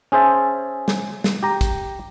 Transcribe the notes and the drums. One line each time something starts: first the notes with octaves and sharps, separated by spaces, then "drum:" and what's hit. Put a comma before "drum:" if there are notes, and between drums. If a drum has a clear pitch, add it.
C#4 G#4 C5 E5 A5
drum: snare
drum: snare
G4 A#5
drum: kick, hi-hat